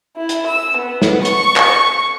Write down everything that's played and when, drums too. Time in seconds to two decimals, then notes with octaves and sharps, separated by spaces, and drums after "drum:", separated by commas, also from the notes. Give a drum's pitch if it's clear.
0.17 E4
0.29 drum: hi-hat
0.47 E6
0.79 B3
1.02 drum: snare
1.25 C#6, drum: hi-hat
1.56 drum: clap